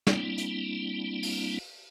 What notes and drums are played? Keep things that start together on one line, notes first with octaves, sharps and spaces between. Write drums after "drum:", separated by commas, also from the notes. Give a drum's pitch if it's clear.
G3 A#3 C4 D4 E4, drum: snare
drum: hi-hat
drum: open hi-hat